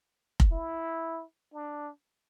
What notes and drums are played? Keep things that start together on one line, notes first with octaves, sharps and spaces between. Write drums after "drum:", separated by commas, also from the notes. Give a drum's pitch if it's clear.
drum: kick F1
E4
D4